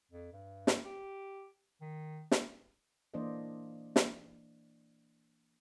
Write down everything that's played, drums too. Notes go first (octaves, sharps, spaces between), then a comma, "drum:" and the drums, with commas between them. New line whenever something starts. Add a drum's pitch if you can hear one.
F2
G2
drum: snare
G4
D#3
drum: snare
E3 A#3 D4 C5 D5 D#5
drum: snare